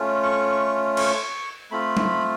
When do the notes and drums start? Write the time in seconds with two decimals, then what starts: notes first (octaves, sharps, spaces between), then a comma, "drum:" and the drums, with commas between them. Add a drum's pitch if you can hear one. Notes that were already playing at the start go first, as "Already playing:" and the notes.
Already playing: A3 C#4 F4
0.23 C#6
0.97 C#6, drum: cymbal
1.71 A3 C4 F4 B5
1.97 drum: tom G3